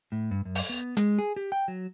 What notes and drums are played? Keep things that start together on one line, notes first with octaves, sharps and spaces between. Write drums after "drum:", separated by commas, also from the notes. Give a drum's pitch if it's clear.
A2
G2
F#2
drum: open hi-hat
B3
G#3, drum: hi-hat
G#4
G4
G5
F#3